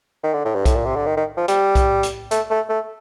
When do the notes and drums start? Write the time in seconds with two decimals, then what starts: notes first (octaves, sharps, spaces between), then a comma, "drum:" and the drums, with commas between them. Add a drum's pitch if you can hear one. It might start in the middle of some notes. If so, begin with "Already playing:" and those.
0.23 D#3
0.33 D3
0.45 A2
0.55 G2
0.65 A2, drum: kick B1, hi-hat
0.75 A#2
0.85 C3
0.96 D3
1.06 D#3
1.17 D#3
1.37 F3
1.48 G3, drum: hi-hat
1.75 drum: kick B1, hi-hat
2.03 drum: hi-hat
2.31 A3, drum: hi-hat
2.50 A3
2.69 A3